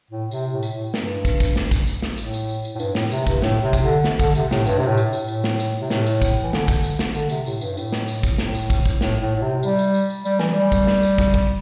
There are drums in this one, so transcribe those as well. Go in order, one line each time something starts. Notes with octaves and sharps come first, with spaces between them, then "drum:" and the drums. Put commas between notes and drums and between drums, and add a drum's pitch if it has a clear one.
A2
C3, drum: tambourine
A2
drum: tambourine
A2
G2, drum: snare
drum: kick, tambourine
drum: kick, tambourine
drum: snare
drum: kick, tambourine
drum: tambourine
drum: snare
A2, drum: tambourine
drum: tambourine
drum: tambourine
drum: tambourine
A2
G2, drum: tambourine
A2, drum: snare
C3, drum: tambourine
G2, drum: kick, tambourine
A2, drum: snare
C3
drum: kick, tambourine
D3
drum: snare
D3, drum: kick, tambourine
C3, drum: tambourine
A2, drum: snare
G2, drum: tambourine
C3
A2
drum: tambourine
drum: tambourine
A2, drum: tambourine
drum: snare
drum: tambourine
C3
A2, drum: snare
drum: tambourine
drum: kick, tambourine
E3
D3, drum: snare
drum: kick, tambourine
drum: tambourine
drum: snare
D3, drum: tambourine
C3, drum: tambourine
A2, drum: tambourine
G2, drum: tambourine
G2
A2, drum: tambourine
drum: snare
drum: tambourine
drum: kick, tambourine
A2, drum: snare
drum: tambourine
drum: kick, tambourine
drum: kick, tambourine
A2, drum: snare
A2
A2
C3
G3, drum: tambourine
drum: tambourine
drum: tambourine
drum: tambourine
G3, drum: tambourine
E3, drum: snare
G3
drum: kick, tambourine
drum: snare
drum: tambourine
drum: kick, tambourine
drum: kick